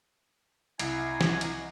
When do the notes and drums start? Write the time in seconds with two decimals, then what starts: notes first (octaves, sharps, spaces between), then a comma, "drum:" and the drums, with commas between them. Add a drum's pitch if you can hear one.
0.79 C2 E4 D#5 F#5 G#5 A#5, drum: hi-hat
1.21 drum: snare
1.41 drum: hi-hat